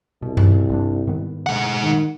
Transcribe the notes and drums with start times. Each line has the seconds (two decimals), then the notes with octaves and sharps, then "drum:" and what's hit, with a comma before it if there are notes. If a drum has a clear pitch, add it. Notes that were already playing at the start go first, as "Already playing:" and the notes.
0.22 C2 B2
0.37 drum: tom G2
0.69 G#1 G2 D4
1.07 G#2 D#3 B3
1.46 G#2 B2 D3 F#5
1.83 D#3